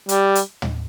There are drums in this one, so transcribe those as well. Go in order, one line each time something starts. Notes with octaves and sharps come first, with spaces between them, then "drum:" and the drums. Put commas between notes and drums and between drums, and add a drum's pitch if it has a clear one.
G3, drum: hi-hat
drum: hi-hat
drum: tom